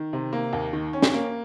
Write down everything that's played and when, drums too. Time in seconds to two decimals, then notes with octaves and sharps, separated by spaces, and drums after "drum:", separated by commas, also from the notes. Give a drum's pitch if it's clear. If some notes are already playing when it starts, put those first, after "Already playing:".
Already playing: D#3
0.13 C3
0.33 A#3
0.53 D#2
0.73 D#3
0.93 C#4
1.02 drum: snare
1.14 A#3